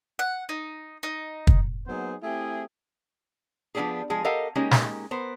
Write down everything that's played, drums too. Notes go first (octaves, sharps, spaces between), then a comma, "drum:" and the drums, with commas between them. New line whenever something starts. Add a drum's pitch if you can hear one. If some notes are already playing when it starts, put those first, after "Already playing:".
F#5
D#4
D#4
drum: kick
F#3 A#3 B3 D#4 G#4 C5
A3 C4 E4 G4 G#4
F3 B3 C#4 D4 G4 G#4
F3 G#3 G#4
G4 A4 A#4 D#5 F5 F#5
G#3 A#3 C#4 D#4 G4
drum: snare
B3 A#4 C5